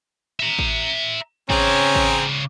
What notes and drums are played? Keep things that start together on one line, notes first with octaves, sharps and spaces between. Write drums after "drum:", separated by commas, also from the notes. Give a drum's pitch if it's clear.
E5 A#5
drum: kick G#1
C#3 C4 C#4 G#4 D5 A#5, drum: kick G#1
drum: kick G#1